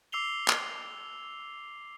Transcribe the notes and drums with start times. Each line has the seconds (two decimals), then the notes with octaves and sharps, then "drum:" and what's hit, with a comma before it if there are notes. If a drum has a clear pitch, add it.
0.12 D6 E6 C7 F7 G7
0.48 drum: clap